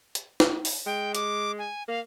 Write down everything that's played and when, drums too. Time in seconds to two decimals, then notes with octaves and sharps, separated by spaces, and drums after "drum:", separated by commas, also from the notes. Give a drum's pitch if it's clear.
0.15 drum: hi-hat
0.40 drum: snare
0.65 drum: open hi-hat
0.86 G#3 G5
1.15 D6, drum: hi-hat
1.59 G#5
1.88 A#3 F5